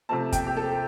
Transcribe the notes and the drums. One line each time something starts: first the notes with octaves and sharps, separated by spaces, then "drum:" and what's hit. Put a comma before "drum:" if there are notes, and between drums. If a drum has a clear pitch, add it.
C3 F3 A3 C4 A5
G5, drum: kick, hi-hat
G4
A4